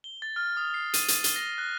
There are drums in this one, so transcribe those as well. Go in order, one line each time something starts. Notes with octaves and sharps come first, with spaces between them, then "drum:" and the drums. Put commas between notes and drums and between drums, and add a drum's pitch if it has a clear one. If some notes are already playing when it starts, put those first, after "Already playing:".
G7
A6
F6
D#6
C7
D#7, drum: hi-hat
drum: hi-hat
G7, drum: hi-hat
A#6
F#6